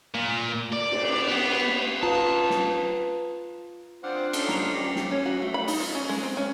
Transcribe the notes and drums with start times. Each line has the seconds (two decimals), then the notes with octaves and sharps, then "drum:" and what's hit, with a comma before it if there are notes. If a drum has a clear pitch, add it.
0.15 A#2
0.73 D5
0.91 drum: cymbal
1.28 B3
2.03 F4 B4 A5 A#5 D#6
2.50 drum: snare
4.04 C4 D4 F4 C5 F#5 C6
4.33 C#4 D#4 A4 G7, drum: cymbal
4.49 A#5 F7, drum: snare
4.74 G4 A#4 D5
4.96 drum: snare
5.11 C#4
5.26 F#4
5.42 A3
5.54 B5
5.68 D#4, drum: open hi-hat
5.80 F4
5.95 C#4
6.09 G#3
6.23 C4
6.37 C#4